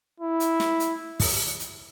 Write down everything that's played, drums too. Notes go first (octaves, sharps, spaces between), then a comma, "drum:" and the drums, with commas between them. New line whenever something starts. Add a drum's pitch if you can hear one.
E4
drum: hi-hat
drum: snare
drum: hi-hat
drum: kick, open hi-hat
drum: hi-hat